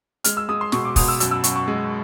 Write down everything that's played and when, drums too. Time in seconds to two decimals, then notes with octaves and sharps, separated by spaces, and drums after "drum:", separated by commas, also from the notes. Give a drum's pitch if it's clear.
0.24 G#3 F6, drum: hi-hat
0.37 E6
0.49 G#3 D#6
0.61 C6
0.72 B2 C#6, drum: snare
0.85 D6
0.96 B2 D#6, drum: kick, open hi-hat
1.08 E6
1.20 F#2 E6, drum: hi-hat
1.31 E6
1.44 F#2 C#6, drum: hi-hat
1.56 C#6
1.68 G#3